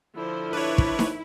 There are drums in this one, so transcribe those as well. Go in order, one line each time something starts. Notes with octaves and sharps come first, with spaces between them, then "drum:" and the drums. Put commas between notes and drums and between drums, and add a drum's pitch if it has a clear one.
D3 F3 E4 C5
D4 E4 B4 C#5
drum: kick
drum: snare D#4